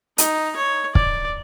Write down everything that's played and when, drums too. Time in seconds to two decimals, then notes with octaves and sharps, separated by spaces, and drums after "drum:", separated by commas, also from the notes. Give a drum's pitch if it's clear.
0.18 D#4, drum: hi-hat
0.56 C#5
0.95 D5, drum: kick